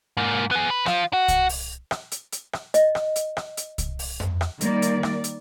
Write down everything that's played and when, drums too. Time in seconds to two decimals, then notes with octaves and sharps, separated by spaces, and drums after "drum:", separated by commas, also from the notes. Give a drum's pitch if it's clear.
0.17 G#2 A#3
0.51 B3 G#4
0.70 B4
0.86 F3 F4, drum: rim click
1.13 F#4
1.28 drum: kick C2, hi-hat
1.49 drum: open hi-hat
1.91 drum: rim click
2.12 drum: hi-hat
2.32 drum: hi-hat
2.53 drum: rim click
2.74 D#5, drum: hi-hat
2.95 drum: rim click
3.16 drum: hi-hat
3.37 drum: rim click
3.57 drum: hi-hat
3.78 drum: kick C2, hi-hat
3.99 drum: open hi-hat
4.20 drum: tom F2
4.41 drum: rim click
4.61 D#3 G3 A#3 D5, drum: hi-hat
4.82 drum: hi-hat
5.03 drum: rim click
5.24 drum: hi-hat